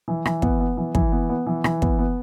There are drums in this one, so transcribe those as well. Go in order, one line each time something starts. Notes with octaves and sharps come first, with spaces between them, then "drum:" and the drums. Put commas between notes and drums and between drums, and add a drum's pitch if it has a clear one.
E3
E3, drum: rim click
B3, drum: kick
B3
E3
E3, drum: kick
B3
B3
E3
E3, drum: rim click
B3, drum: kick
B3